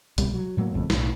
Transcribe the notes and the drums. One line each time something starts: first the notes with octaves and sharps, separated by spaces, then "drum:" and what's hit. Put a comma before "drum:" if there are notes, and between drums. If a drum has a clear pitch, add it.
C2 B2 G3, drum: hi-hat
F#3
A2 F#3 G3 A#3
G#1 F2 A2 C#3
B1 A2, drum: snare